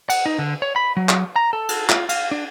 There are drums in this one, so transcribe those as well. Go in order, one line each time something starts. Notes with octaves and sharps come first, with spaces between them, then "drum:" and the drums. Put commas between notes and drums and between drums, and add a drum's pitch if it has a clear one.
F#5, drum: cymbal
D#4
D3
C#5
B5
F#3
drum: clap
A#5
A4
drum: cymbal
F4, drum: clap
F5, drum: cymbal
D4